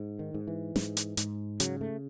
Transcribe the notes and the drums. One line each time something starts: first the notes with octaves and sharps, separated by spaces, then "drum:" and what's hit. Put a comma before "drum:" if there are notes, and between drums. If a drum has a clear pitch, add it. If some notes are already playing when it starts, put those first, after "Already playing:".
Already playing: G#2
D#3
G#2
E3
G#2, drum: snare
drum: hi-hat
G#2, drum: hi-hat
C#3 F#3, drum: hi-hat
A3